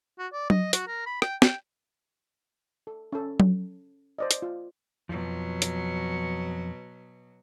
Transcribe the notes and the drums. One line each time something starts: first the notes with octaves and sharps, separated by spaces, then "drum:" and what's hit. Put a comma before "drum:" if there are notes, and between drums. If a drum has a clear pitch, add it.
F#4
D5
D#5, drum: tom F#3
F#4, drum: hi-hat
A#4
B5
G5, drum: rim click
G5, drum: snare
A4
C#4 A4
drum: tom F#3
C5 D5 D#5
drum: hi-hat
F4
F2 B2 F3 F#3
drum: hi-hat